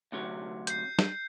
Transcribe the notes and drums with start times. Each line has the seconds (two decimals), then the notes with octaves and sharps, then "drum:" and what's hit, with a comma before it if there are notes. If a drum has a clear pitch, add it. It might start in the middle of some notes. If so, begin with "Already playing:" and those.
0.12 D2 C3 F#3
0.67 G6 C7, drum: hi-hat
0.99 drum: snare